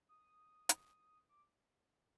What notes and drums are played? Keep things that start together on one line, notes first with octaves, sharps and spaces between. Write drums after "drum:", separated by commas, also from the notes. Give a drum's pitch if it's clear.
D#6
drum: hi-hat
D6